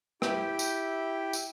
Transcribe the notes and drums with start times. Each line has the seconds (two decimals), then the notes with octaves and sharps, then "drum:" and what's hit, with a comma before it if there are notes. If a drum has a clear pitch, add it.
0.22 E4 G4 G5, drum: rim click
0.59 drum: tambourine
1.33 drum: tambourine